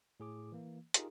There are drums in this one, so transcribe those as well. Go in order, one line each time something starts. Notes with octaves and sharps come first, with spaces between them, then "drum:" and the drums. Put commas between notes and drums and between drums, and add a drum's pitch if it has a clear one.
A2 G#4 D6
E3 A#3
D#4 F4 G4 G#4 A#4, drum: hi-hat